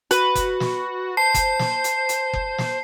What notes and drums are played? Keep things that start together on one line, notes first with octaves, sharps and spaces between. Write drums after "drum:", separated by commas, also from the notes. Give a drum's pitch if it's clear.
F#4 B4, drum: hi-hat
drum: kick F#1, hi-hat
drum: snare
C5 A5 C7
drum: kick F#1, hi-hat
drum: snare
drum: hi-hat
drum: hi-hat
drum: kick F#1
drum: snare